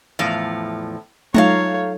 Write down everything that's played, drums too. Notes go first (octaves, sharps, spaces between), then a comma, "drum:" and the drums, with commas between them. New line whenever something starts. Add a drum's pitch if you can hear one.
E2 A2 F3 F5
F#3 A3 D#4 F4 C#5 F5 A5 A#5, drum: tom G#3